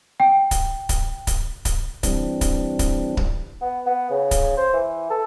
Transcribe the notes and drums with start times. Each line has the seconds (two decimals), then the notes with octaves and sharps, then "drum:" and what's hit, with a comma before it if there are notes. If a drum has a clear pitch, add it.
0.20 G5
0.51 drum: kick C#1, hi-hat
0.89 drum: kick C#1, hi-hat
1.27 drum: kick C#1, hi-hat
1.65 drum: kick C#1, hi-hat
2.03 E3 G3 C4 D4, drum: kick C#1, hi-hat
2.41 drum: kick C#1, hi-hat
2.79 drum: kick C#1, hi-hat
3.17 drum: kick C#1
3.62 B3
3.86 B3
4.10 C#3
4.31 drum: kick C#1, hi-hat
4.57 C5
4.73 E3
5.10 A4